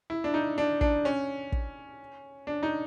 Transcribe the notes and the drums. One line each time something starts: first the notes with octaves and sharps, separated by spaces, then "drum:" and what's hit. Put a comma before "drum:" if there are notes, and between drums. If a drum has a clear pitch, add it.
E4
D4
D#4
D4
D4, drum: kick
C#4
drum: kick
D4
D#4